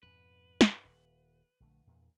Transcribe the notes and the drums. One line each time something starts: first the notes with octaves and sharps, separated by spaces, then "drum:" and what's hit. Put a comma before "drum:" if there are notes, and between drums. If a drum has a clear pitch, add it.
F2 G#2 B2 B4
G2, drum: snare
D#1
A#1 D3 A3
E2 G2 A#2